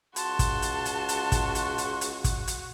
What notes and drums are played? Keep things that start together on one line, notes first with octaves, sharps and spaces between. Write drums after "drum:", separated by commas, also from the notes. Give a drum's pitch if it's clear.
C#2 F#4 A5 C6, drum: hi-hat
drum: kick, hi-hat
drum: hi-hat
drum: hi-hat
drum: hi-hat
drum: kick, hi-hat
drum: hi-hat
drum: hi-hat
drum: hi-hat
drum: kick, hi-hat
drum: hi-hat